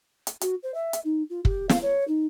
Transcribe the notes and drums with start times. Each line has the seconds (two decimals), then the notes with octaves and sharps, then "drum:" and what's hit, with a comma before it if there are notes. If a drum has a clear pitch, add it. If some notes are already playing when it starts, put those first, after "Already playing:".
0.27 drum: hi-hat
0.41 F#4, drum: hi-hat
0.63 C5
0.74 E5
0.93 drum: hi-hat
1.05 D#4
1.30 F4
1.45 G4, drum: kick
1.69 F5, drum: snare
1.82 C#5
2.08 D#4